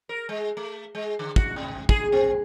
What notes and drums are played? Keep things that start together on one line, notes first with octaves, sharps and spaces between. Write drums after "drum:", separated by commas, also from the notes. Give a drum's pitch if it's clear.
A#4
G#3
A3
G#3
D3
F#4, drum: kick
C3
G#4, drum: kick
C4